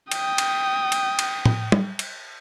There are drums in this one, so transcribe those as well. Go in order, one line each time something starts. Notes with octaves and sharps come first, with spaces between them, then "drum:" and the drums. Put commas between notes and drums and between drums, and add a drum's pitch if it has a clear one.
G5 D#6, drum: cymbal
drum: cymbal
drum: cymbal
drum: cymbal
drum: tom
drum: tom
drum: cymbal